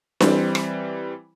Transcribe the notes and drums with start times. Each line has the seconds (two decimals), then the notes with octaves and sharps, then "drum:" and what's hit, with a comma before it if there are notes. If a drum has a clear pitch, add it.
0.20 E3 G3 C4, drum: snare D4
0.55 drum: rim click